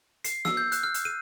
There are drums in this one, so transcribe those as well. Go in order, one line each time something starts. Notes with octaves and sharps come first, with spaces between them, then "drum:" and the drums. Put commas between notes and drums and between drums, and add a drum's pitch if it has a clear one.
C7, drum: hi-hat
E6, drum: snare
G6
F#6, drum: hi-hat
F6
drum: hi-hat
D#7